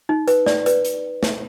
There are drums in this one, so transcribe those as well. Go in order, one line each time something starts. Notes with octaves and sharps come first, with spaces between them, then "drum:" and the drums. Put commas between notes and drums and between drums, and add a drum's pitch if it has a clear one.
D#4
B4, drum: hi-hat
D5, drum: snare
B4, drum: hi-hat
drum: hi-hat
drum: snare